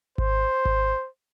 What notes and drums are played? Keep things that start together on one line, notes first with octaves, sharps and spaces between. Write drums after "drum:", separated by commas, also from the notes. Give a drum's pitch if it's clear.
C5, drum: kick G#1
drum: kick G#1